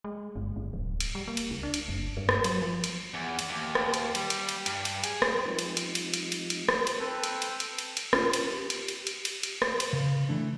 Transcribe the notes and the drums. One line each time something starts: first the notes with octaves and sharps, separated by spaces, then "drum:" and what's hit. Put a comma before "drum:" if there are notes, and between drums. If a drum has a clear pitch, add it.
G#3
G1
G1
D1
drum: cymbal
G3
A#3
drum: cymbal
C#2
D4
drum: cymbal
F#1
G2
drum: rim click
F#3, drum: cymbal
F3
drum: cymbal
E2
drum: cymbal
D#2
drum: rim click
drum: cymbal
G3, drum: cymbal
drum: cymbal
drum: cymbal
G2, drum: cymbal
drum: cymbal
G#4, drum: cymbal
drum: rim click
F3 G3 G#3 C4 D#4 F4
drum: cymbal
drum: cymbal
drum: cymbal
drum: cymbal
drum: cymbal
drum: cymbal
drum: rim click
drum: cymbal
C4 A4 B4 C5
drum: cymbal
drum: cymbal
drum: cymbal
drum: cymbal
drum: cymbal
C#4 D4 F4 A#4, drum: rim click
drum: cymbal
G4
drum: cymbal
drum: cymbal
drum: cymbal
drum: cymbal
drum: cymbal
drum: rim click
drum: cymbal
C#3
E3 A3 D4